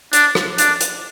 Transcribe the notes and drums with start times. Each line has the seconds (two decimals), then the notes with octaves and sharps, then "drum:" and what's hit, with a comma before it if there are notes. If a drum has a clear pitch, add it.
0.13 D4, drum: hi-hat
0.35 drum: rim click
0.58 D4, drum: hi-hat
0.81 drum: hi-hat